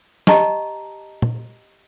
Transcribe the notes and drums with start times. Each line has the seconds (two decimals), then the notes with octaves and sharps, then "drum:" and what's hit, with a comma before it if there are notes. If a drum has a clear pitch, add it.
0.27 G4 D#5 A5 A#5, drum: snare
1.22 drum: tom A#2